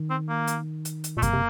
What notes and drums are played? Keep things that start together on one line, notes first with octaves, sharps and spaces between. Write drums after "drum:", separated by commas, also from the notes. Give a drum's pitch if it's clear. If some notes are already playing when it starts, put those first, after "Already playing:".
Already playing: D#3
C4
A#3
drum: hi-hat
drum: hi-hat
drum: hi-hat
A#2 A3
C3 A#3, drum: kick F#2, hi-hat
C3